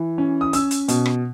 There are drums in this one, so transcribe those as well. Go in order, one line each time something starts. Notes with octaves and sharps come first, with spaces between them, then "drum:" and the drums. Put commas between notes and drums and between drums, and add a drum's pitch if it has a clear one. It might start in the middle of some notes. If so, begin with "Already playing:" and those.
Already playing: E3
C#4
D#6
C#4 E6, drum: hi-hat
drum: hi-hat
B2, drum: hi-hat
drum: rim click